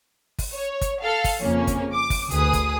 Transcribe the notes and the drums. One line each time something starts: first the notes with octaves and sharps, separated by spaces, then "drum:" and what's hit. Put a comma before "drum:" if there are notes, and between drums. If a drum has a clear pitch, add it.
drum: kick, open hi-hat
C#5
drum: kick, hi-hat
A4 F5
drum: kick, open hi-hat
F2 C#3 A#3 C#4
drum: kick, hi-hat
D6
drum: kick, open hi-hat
D2 G#4 B4 D#6, drum: hi-hat
drum: kick, hi-hat